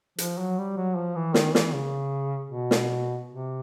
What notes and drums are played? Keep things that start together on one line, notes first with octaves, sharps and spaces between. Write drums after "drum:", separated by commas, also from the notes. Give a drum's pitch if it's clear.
F3, drum: hi-hat
F#3
G3
F#3
F3
E3
D#3, drum: snare
E3, drum: snare
C#3
B2
drum: snare
C3